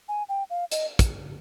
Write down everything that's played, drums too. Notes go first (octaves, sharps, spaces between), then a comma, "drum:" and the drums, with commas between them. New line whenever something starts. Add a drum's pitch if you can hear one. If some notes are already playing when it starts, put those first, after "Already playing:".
G#5
G5
F5
D#5, drum: hi-hat
drum: kick, hi-hat